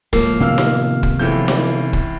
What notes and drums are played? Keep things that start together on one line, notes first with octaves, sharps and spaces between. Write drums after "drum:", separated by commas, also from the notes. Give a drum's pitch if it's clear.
A2 F3 G#3 A#3, drum: kick
C3 D#3 B3 F5 E6 F6
drum: snare D#4
drum: kick
C#2 E3 F3 A4 C#5 G6
drum: snare D#4
drum: kick